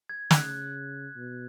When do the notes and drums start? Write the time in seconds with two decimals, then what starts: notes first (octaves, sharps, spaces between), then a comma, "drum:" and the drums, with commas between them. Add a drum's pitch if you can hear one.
0.09 G#6
0.31 C#3 F#6, drum: snare
1.16 B2